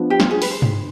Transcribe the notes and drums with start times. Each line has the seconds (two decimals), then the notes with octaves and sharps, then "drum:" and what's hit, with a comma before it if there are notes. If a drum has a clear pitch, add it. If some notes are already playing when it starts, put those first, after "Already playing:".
Already playing: F3 B3 D4
0.10 G4
0.20 F4, drum: snare
0.31 G#4
0.42 B4, drum: open hi-hat
0.51 C5
0.62 drum: tom